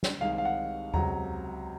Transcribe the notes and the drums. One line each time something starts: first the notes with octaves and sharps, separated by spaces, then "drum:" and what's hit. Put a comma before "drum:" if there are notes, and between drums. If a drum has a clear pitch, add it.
drum: snare
C2 C3 D#3 G#3 F5
F5
F#5
C#2 C3 F#3 A#5, drum: tom E2